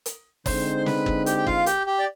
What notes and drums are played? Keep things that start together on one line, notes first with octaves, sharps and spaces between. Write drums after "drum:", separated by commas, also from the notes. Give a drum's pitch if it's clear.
drum: hi-hat
D3 G#3 C4 D#4 C5 C6, drum: kick, open hi-hat
C6
B4 B5, drum: snare
drum: kick
G4 G5, drum: hi-hat
G5
F4 F5, drum: kick
G4 G5, drum: hi-hat
G4 G5
D5